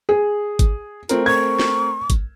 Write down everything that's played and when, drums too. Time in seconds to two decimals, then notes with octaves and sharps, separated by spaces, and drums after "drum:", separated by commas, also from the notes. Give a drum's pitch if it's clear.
0.09 G#4
0.59 drum: kick, hi-hat
1.09 A3 C4 F4 A#4, drum: hi-hat
1.26 C#6 G#6
1.60 drum: snare
2.10 drum: kick, hi-hat